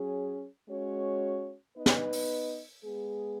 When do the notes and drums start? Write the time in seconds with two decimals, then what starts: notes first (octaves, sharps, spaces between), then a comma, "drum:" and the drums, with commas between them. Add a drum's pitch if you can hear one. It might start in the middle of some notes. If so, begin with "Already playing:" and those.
Already playing: F#3 C#4 G#4
0.68 G#3 C#4 F#4 C#5
1.77 B3 D#4 B4 D#5
1.86 drum: snare
2.13 drum: open hi-hat
2.83 G#3 B3 G#4